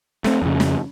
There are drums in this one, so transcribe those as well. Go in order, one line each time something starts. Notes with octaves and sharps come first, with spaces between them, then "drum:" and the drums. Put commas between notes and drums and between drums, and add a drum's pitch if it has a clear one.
A3 C4, drum: snare
F2 C#3
drum: snare